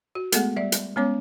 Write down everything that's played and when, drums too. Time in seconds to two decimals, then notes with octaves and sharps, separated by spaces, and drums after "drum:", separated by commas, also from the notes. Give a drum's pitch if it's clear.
0.15 F#4
0.32 G#3 A3 B3 G#4 A4 F#5, drum: hi-hat
0.56 G3 D5 E5
0.72 drum: hi-hat
0.96 G#3 B3 C#4 C#5 D6